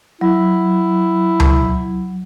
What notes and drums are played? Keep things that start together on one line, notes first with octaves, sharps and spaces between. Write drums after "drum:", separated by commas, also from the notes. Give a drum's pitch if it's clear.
F#3 E4
drum: tom C#2